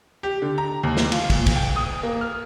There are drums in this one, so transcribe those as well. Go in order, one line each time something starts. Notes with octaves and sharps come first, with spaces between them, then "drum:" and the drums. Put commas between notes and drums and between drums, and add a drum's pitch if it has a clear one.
G4
D3
A#5
D#2
drum: snare
F4, drum: cymbal
A#2, drum: kick, cymbal
drum: kick, cymbal
G5
D#6
A#3
F6